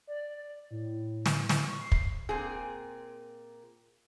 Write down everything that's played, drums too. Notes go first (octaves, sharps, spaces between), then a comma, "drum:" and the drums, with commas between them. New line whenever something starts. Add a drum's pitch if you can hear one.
D5
A2
drum: snare
drum: snare
C#6
C7
drum: kick
A#2 C4 G#4